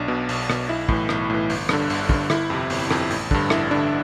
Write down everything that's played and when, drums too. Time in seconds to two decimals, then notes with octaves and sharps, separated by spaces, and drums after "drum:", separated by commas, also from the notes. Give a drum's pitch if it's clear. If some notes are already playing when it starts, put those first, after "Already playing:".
Already playing: B1 D4
0.08 B2
0.29 B1, drum: open hi-hat
0.50 B2, drum: rim click
0.69 B1 E4
0.89 A2 E3, drum: kick
1.09 B1, drum: rim click
1.30 A2 E3
1.50 G1, drum: open hi-hat
1.69 G2 D3, drum: rim click
1.90 G1, drum: open hi-hat
2.09 G2 D3, drum: kick
2.30 G1 E4, drum: rim click
2.50 F2 C3
2.70 G1, drum: open hi-hat
2.91 F2 C3, drum: rim click
3.10 A1, drum: open hi-hat
3.31 G2 D3, drum: kick
3.50 A1 E4, drum: rim click
3.71 G2 D3 D4